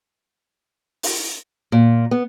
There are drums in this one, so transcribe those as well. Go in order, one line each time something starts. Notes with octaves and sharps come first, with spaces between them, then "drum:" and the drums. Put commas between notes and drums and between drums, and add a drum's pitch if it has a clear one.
drum: open hi-hat
A#2
B3